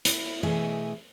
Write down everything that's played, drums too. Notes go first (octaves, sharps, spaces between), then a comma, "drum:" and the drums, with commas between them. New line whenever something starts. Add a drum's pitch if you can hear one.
E4, drum: hi-hat
B2 E3 A3 G#4 D#5 E5